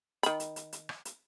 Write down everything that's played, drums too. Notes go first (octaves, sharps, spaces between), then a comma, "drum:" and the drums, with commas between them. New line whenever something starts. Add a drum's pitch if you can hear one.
D#3 B5, drum: hi-hat
drum: hi-hat
drum: hi-hat
drum: hi-hat
drum: rim click
drum: hi-hat